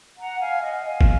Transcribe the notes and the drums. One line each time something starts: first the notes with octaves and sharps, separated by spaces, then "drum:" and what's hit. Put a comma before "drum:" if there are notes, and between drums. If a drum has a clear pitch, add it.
F#5 A#5
F5 G#5
D#5 F#5
F5 G#5
drum: kick